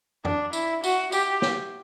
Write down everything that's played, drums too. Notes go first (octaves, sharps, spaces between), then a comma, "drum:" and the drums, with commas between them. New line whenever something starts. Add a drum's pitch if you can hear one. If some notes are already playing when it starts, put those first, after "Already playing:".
D4, drum: tom
E4, drum: tambourine
F#4, drum: tambourine
G4, drum: tambourine
drum: snare